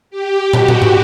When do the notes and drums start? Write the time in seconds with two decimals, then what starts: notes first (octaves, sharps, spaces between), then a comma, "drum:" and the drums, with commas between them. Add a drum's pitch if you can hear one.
0.10 G4
0.53 F#4, drum: tom
0.68 drum: tom
0.82 drum: tom